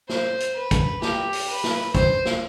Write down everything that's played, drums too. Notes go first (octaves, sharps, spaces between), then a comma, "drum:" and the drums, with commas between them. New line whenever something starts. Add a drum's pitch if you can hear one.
C5, drum: snare
drum: hi-hat
B4
drum: kick G#1, hi-hat
G4, drum: snare
drum: open hi-hat
B4
drum: snare
C5, drum: kick G#1, hi-hat
drum: snare